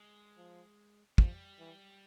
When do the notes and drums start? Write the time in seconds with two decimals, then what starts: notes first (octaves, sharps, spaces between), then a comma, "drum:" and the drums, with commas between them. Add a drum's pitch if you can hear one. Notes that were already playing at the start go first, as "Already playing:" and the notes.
Already playing: G#3
0.37 F3
1.18 F3 G3, drum: kick
1.59 E3